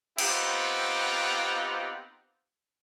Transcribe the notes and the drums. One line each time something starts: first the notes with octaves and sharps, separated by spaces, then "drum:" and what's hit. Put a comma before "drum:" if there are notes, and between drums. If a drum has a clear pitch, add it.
B3 C4 D#4 F4 G4 F#5, drum: cymbal